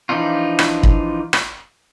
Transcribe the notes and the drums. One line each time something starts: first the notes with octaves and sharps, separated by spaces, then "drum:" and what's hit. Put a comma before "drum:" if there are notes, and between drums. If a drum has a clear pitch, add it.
E3 F3 D4 D#4 F4
drum: rim click
drum: kick
drum: rim click